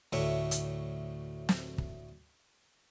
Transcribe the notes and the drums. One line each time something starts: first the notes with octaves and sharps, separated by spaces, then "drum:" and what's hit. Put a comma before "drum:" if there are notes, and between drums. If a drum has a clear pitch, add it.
D2 A2 A3 C#5 E5
drum: hi-hat
drum: snare
drum: kick